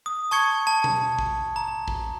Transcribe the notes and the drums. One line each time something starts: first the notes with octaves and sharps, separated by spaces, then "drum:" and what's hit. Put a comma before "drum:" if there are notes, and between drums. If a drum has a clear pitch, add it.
D#6
A5 C#6 G#6 C#7
A5
drum: tom B2
drum: kick A1
A#5
drum: kick A1